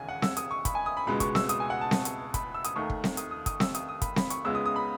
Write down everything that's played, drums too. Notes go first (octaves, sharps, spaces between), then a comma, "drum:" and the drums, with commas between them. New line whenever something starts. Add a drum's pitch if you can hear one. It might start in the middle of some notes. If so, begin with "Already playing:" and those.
Already playing: E1 D#2 C#3 G#3 G#5
F#5
E6, drum: snare C4
D#6, drum: hi-hat
C#6
B5, drum: kick, hi-hat
G#5
D#6
B5
C#2 B2 G#3 B3 B5
C#6, drum: kick, hi-hat
E6, drum: snare C4
D#6, drum: hi-hat
G#5
F#5
A5
drum: snare C4
drum: hi-hat
B5, drum: kick, hi-hat
E6
D#6, drum: hi-hat
D#2 D#3 A3 C#6
drum: kick
drum: snare C4
D#6, drum: hi-hat
D#6
D#6, drum: kick, hi-hat
E6, drum: snare C4
D#6, drum: hi-hat
D#6
B5, drum: kick, hi-hat
B5, drum: snare C4
C#6, drum: hi-hat
C#2 C#3 G#3 B3 E6
D#6
D#6
B5